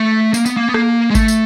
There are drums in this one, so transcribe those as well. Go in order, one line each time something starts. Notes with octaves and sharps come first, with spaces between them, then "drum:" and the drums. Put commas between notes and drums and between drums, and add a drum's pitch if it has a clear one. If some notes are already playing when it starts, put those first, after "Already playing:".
Already playing: A3
A#3, drum: tambourine
B3, drum: tambourine
A#3
B3
A#3, drum: rim click
G#3
A3, drum: kick G#1, tambourine
drum: tambourine